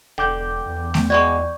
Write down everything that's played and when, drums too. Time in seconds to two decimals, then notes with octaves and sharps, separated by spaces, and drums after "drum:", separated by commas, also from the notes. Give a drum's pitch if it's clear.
0.18 E1 D3 G5 D6 G6
0.66 E2
0.94 drum: snare A3
1.10 G#3 B3 F#4 D5 C#6